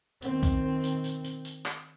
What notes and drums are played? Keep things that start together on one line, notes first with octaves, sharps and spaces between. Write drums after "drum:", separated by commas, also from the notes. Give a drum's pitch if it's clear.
D#3 C4, drum: tambourine
drum: kick, tambourine
drum: tambourine
drum: tambourine
drum: tambourine
drum: tambourine
drum: clap